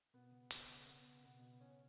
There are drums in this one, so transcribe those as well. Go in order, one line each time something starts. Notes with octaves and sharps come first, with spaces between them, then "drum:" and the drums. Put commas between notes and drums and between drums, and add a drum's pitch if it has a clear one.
B2 B3
C#3
C#3 B3, drum: hi-hat
C#3
C#3 B3
B2 B3
B2
C#3 C#4